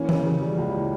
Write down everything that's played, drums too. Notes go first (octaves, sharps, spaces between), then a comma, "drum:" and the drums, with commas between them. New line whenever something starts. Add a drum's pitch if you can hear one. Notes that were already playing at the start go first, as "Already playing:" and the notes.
Already playing: E3 A#3 C#4
C#3, drum: tom E3
C#3
G3
C#2
E3